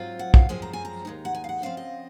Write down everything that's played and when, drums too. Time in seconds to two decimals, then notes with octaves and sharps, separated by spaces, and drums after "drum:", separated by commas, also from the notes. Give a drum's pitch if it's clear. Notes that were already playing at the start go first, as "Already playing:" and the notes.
Already playing: G#2 F#3 C4 F4
0.19 F#5
0.34 F5, drum: kick
0.49 F#2 F3 G#3 C4 F4 G#5
0.62 A#5
0.73 G#5
0.85 A#5
1.05 D#2 C#3 G#3 D#4
1.25 F#5
1.35 G#5
1.44 F5
1.49 F#5
1.62 C#3 F3 C4 F5
1.77 D#5